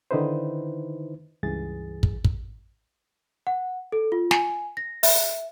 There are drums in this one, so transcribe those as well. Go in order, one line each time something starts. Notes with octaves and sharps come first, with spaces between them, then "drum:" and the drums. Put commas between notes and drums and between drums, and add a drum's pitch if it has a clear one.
D3 D#3 D#4 E4 B4 C5
C#2 G2 E3 G#4 A6
drum: kick
drum: kick
F#5
A4
F4
G#5, drum: snare
A#6
E5, drum: open hi-hat